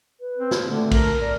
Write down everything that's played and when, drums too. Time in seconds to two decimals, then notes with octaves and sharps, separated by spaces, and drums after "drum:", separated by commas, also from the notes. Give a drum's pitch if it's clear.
0.20 B4
0.37 C4
0.51 drum: snare
0.68 D3 A3
0.91 A#4, drum: kick A#1, cymbal
1.20 A#4 D5